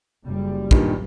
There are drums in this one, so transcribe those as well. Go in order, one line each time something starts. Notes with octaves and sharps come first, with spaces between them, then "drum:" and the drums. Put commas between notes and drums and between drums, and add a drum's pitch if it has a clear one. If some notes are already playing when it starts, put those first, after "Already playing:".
F#1 G3
G2 A#2 D#3, drum: kick